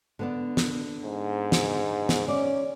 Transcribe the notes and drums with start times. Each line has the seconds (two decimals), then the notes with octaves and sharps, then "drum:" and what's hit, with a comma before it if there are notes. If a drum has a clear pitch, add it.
0.19 D3 B3 D4
0.57 drum: snare
1.05 G#2
1.52 drum: snare
2.09 drum: snare
2.28 C#4 D5